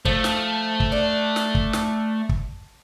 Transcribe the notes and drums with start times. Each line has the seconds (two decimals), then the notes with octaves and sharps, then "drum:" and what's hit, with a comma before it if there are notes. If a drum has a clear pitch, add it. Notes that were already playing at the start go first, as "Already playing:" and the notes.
0.05 F3 A3, drum: kick
0.24 drum: snare
0.80 drum: kick
0.92 D4
1.36 drum: snare
1.55 drum: kick
1.73 drum: snare
2.29 drum: kick